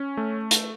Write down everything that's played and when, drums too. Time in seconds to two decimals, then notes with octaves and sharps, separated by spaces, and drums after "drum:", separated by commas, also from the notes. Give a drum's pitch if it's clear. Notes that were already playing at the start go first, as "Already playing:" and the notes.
Already playing: C#4
0.17 A3
0.51 drum: hi-hat